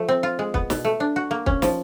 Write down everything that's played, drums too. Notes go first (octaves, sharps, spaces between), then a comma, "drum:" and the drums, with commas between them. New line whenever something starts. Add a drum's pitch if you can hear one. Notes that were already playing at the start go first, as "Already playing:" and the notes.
Already playing: F3 A3
C4
F4
G#3
B3, drum: kick
B2, drum: snare
A3
D4
F#4
A#3
C#4, drum: kick
F3, drum: snare